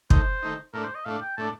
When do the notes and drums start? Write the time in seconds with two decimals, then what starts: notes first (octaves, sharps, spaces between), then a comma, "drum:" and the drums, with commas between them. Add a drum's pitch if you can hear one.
0.10 D#3 A3 D#4 C5, drum: kick
0.43 D#3 A3 D#4
0.73 A2 A3 D4 A#4
0.85 C5
0.95 D#5
1.05 A2 A3 D4 F5
1.22 G5
1.37 A2 A3 D4 A5